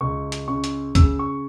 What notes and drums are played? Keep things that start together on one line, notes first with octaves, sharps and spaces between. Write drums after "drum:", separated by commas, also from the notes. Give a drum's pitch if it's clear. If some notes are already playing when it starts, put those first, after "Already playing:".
C#2 C#6
drum: hi-hat
C#3 C#6
drum: hi-hat
C#3 E6, drum: kick, hi-hat
C#6